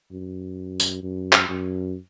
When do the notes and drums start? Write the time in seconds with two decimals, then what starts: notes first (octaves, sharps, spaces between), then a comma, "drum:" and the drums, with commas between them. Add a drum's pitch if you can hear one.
0.12 F#2
0.80 drum: tambourine
1.03 F#2
1.33 drum: clap
1.49 F#2